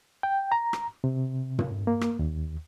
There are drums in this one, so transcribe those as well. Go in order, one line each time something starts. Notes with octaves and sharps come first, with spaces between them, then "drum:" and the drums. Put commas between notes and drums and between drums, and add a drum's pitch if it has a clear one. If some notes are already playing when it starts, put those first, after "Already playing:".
G5
A#5
drum: rim click
C3
drum: tom
A#3
drum: rim click
D#2